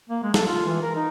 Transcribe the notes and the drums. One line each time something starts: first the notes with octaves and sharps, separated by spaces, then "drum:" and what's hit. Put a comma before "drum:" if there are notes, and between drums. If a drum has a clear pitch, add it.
A#3
G#3
A4, drum: snare
F4
E3
A#4
D#4